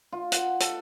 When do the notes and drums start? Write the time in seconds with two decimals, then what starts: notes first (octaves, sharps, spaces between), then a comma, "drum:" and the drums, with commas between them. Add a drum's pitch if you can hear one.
0.12 F4
0.32 F#5, drum: hi-hat
0.60 A4, drum: hi-hat